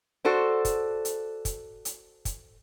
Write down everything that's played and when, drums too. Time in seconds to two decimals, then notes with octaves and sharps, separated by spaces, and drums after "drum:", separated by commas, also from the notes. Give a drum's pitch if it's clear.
0.25 F#4 A4 C5 D5
0.65 drum: kick, hi-hat
1.05 drum: hi-hat
1.45 drum: kick, hi-hat
1.85 drum: hi-hat
2.25 drum: kick, hi-hat